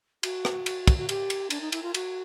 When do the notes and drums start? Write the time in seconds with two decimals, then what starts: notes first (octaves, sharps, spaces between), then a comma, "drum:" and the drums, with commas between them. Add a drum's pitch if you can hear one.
0.23 F#4, drum: cymbal
0.45 drum: rim click
0.66 drum: cymbal
0.87 drum: kick, cymbal
0.97 F#4
1.09 G4, drum: cymbal
1.30 drum: cymbal
1.50 D4, drum: cymbal
1.61 D#4
1.72 E4, drum: cymbal
1.83 F4
1.94 F#4, drum: cymbal